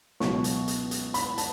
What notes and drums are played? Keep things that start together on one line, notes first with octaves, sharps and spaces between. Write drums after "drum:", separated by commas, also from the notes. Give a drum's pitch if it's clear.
C#2 B2 F#3 C#6, drum: snare
drum: hi-hat
drum: hi-hat
drum: hi-hat
B5, drum: hi-hat
A5, drum: hi-hat